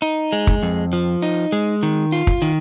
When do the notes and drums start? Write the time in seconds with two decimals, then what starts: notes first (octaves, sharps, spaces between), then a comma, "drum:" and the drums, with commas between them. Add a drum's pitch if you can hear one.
0.02 D#4
0.32 G#3
0.47 drum: kick
0.63 F2
0.93 F3
1.22 D#4
1.52 G#3
1.83 D#3
2.12 F4
2.27 drum: kick
2.42 D#3